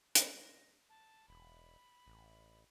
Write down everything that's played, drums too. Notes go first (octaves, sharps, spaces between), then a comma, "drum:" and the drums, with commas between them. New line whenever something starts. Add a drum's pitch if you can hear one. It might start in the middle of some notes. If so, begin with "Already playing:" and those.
A#6, drum: hi-hat
A5
E1 B5
A1